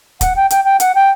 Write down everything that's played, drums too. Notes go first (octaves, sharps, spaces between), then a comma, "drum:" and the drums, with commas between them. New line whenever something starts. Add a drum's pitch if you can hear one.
F#5, drum: kick, hi-hat
G5
G5, drum: hi-hat
G5
F#5, drum: hi-hat
G5